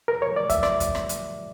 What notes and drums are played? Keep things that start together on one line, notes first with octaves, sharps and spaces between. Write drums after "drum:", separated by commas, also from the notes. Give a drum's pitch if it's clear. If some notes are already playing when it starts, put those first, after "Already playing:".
A#4
C#5
D5
E5, drum: kick, hi-hat
D5, drum: rim click
drum: kick, hi-hat
drum: rim click
drum: hi-hat